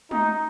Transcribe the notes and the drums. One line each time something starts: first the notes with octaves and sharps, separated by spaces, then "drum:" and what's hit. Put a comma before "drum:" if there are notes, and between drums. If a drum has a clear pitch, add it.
D#4, drum: tom G#3